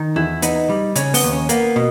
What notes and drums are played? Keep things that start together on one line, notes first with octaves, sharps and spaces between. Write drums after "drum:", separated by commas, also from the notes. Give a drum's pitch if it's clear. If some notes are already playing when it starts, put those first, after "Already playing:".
Already playing: D#3
E2 E4
B3 D#4, drum: hi-hat
G3
C#3 C#4, drum: hi-hat
B3, drum: open hi-hat
D#2
C#4
A#3 B3, drum: hi-hat
B2